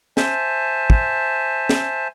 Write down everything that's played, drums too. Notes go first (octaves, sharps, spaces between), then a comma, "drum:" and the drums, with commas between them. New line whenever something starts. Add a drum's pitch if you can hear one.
C5 E5 G#5 A5, drum: snare
drum: kick
drum: snare